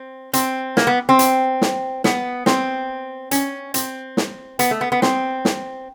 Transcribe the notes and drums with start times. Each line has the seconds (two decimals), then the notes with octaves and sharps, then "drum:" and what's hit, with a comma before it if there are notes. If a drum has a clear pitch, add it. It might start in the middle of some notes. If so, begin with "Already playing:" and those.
Already playing: C4
0.33 C4, drum: hi-hat
0.77 A#3, drum: snare
0.87 B3
1.09 C4
1.19 drum: hi-hat
1.62 drum: snare
2.04 B3, drum: snare
2.46 C4, drum: snare
3.31 C#4, drum: hi-hat
3.74 C4, drum: hi-hat
4.17 drum: snare
4.59 B3, drum: hi-hat
4.71 A3
4.81 B3
4.92 B3
5.02 C4, drum: snare
5.45 drum: snare